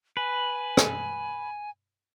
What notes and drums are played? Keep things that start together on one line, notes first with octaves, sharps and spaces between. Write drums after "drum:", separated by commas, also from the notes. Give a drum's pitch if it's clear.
B4 G#5
drum: rim click